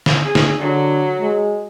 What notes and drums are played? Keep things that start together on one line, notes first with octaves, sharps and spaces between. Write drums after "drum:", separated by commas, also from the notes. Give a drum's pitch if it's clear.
drum: snare
G#4
drum: snare
D3 F#3
G#3